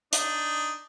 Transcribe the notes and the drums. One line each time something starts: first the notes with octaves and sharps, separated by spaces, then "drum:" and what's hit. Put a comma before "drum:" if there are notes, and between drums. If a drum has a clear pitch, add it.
D4 D#4, drum: hi-hat